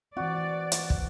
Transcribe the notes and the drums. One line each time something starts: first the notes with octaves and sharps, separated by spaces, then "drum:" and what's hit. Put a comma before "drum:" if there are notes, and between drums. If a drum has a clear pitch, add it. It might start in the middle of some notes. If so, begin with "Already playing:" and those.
E3 C4 F#4 D5
drum: hi-hat
drum: kick